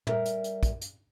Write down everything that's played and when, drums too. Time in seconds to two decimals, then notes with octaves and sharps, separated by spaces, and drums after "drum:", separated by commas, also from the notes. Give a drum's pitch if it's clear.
0.07 G3 A#4 E5, drum: tom
0.25 drum: hi-hat
0.44 drum: hi-hat
0.63 drum: kick, hi-hat
0.81 drum: hi-hat